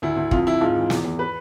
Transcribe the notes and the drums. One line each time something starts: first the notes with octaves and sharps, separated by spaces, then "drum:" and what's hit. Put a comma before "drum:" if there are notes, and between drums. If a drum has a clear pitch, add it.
D2 E4
D2
F2 F4, drum: kick
F2 E4
G#2 F4
E3
E2, drum: snare
E2
B4